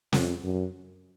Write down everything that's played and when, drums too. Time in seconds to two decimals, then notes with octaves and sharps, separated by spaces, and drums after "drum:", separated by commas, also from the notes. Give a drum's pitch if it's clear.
0.13 F2, drum: snare
0.44 F#2